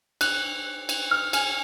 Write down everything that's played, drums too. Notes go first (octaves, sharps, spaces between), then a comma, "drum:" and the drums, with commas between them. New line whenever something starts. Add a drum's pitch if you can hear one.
F#6, drum: cymbal
drum: cymbal
F6
G#5, drum: cymbal